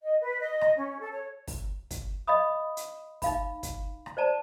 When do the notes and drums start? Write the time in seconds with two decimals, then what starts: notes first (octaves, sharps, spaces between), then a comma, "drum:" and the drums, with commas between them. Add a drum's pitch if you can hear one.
0.02 D#5
0.21 B4
0.40 D#5
0.61 drum: rim click
0.77 C#4
1.00 A4
1.13 C#5
1.48 drum: kick, open hi-hat
1.91 drum: kick, hi-hat
2.27 D#5 F5 B5 D#6
2.77 drum: hi-hat
3.22 D#4 F5 B5, drum: kick, open hi-hat
3.63 drum: kick, hi-hat
4.06 drum: rim click
4.17 C5 D5 A5 A#5